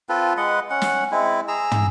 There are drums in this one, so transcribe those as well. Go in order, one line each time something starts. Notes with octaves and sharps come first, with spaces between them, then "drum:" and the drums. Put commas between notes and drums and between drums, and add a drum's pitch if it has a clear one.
C4 F4 A4 B4
G#3 B4 D#5 F#5
C#4 F#5
drum: snare
G#3 C4 E4
G#4 A#5 E6
drum: tom